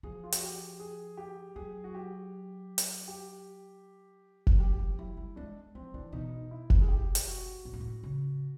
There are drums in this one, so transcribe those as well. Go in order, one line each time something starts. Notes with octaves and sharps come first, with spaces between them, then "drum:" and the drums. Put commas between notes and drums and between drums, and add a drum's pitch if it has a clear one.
F3 G#4
F4
F#4, drum: hi-hat
G4
G#4
G4
F#3 G#4
F#4
G4
drum: hi-hat
G4
drum: kick F1
F#3 G4
F3
F#3 E4
G3
G#3 D4
F3 C4
E3 D4
B2 D#4
E4
drum: kick F1
G#4
G4
drum: hi-hat
F#4
A2
G#2
A2
C#3